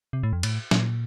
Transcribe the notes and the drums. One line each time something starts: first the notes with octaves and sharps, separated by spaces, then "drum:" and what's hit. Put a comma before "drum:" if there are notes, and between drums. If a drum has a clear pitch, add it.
C3
A2
F2
A2, drum: cymbal
A#2, drum: snare